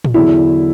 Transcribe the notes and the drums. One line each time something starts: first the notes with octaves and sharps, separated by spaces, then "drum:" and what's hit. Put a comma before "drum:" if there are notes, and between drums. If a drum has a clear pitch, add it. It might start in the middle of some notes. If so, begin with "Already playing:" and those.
drum: tom
E2 D3 F#3 E4